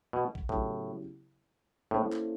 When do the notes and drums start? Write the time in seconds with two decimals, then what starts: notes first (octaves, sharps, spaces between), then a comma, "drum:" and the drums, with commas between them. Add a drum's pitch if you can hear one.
0.13 B2
0.35 drum: kick
0.49 A2 C#3 F#3 B3 E4 G4, drum: kick
1.91 A2 A#3 C#4 E4 A4 C5
2.12 drum: clap